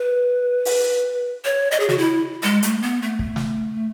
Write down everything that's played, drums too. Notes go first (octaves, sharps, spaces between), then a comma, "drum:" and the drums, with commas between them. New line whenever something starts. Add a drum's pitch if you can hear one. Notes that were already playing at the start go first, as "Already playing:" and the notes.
Already playing: B4
drum: open hi-hat
C#5
D#5
G#4
F#4, drum: snare
E4
G#3
A3, drum: hi-hat
B3
A3
drum: kick
drum: snare